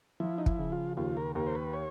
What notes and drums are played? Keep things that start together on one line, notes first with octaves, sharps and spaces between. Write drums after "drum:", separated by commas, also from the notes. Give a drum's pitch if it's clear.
F3 E4
D#4
E4, drum: kick
C#3
F4
D#2 F4
A#4
D#2 A#4
C5
B4
C#5